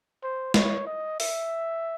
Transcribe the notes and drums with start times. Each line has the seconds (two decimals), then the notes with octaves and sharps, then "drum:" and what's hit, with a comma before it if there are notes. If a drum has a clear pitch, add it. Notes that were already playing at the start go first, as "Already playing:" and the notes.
0.23 C5
0.54 C#5, drum: snare
0.86 D#5
1.20 E5, drum: open hi-hat